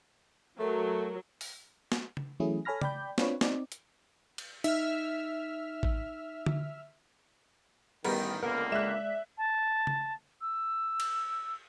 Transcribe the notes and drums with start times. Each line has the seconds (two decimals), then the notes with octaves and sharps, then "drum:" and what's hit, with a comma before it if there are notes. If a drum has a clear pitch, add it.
0.59 F#3 A3 A#4
1.41 drum: open hi-hat
1.92 drum: snare
2.17 drum: tom C#3
2.40 E3 F#3 A3 C#4 E4 G#4
2.65 A4 C#5 G#5 B5 F6 A#6
2.81 D5 G5 B5 G6, drum: tom C#3
3.18 C4 D4 F4 B4 C#5, drum: snare
3.41 C4 D#4 D5, drum: snare
3.72 drum: hi-hat
4.38 drum: cymbal
4.64 D#4 E5 F6, drum: hi-hat
5.83 drum: kick A1
6.46 drum: tom D3
8.04 A1 D#3 G3 B3 A#4 B5 G6, drum: cymbal
8.43 C#2 D3 A#3 B3 A#4
8.72 G#3 D5 E5 F#6 E7
9.37 A5
9.87 drum: tom C#3
10.41 E6
11.00 drum: cymbal